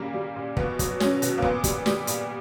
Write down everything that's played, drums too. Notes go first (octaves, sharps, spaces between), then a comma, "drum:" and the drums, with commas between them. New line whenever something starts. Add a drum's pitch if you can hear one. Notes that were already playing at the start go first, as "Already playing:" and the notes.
Already playing: A#2 C#3 G3 A#3
G3
A#2
B2 B3, drum: kick
F#3, drum: kick, hi-hat
F#3 C#4, drum: snare
B2, drum: hi-hat
A#3
A#2 B3, drum: kick
G3, drum: kick, hi-hat
G3, drum: snare
A#2, drum: hi-hat